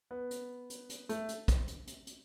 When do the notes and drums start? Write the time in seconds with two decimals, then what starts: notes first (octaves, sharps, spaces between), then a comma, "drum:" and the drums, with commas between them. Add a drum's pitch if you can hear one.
0.11 B3
0.31 drum: hi-hat
0.70 drum: hi-hat
0.89 drum: hi-hat
1.09 A3, drum: hi-hat
1.29 drum: hi-hat
1.48 drum: kick, hi-hat
1.68 drum: hi-hat
1.87 drum: hi-hat
2.07 drum: hi-hat